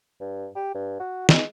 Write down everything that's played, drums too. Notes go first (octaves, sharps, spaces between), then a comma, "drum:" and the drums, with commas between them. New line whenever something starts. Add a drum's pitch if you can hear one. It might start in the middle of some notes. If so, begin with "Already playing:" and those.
G2
G4
G2
F#4
G#3, drum: snare